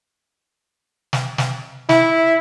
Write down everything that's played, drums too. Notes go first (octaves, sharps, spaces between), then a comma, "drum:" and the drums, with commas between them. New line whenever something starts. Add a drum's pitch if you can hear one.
drum: snare
drum: snare
E4, drum: snare